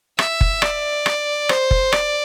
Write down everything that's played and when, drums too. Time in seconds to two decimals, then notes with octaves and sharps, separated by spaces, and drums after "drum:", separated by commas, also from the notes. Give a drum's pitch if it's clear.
0.19 E5, drum: rim click
0.41 drum: kick F#1
0.62 D5, drum: rim click
1.06 drum: rim click
1.49 C5, drum: rim click
1.71 drum: kick F#1
1.92 D5, drum: rim click